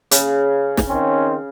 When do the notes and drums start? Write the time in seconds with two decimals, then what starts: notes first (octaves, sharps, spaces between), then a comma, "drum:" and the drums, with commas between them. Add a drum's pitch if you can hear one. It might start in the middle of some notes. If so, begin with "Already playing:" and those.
0.11 C#3, drum: hi-hat
0.77 drum: snare
0.88 D#3 C4 C#4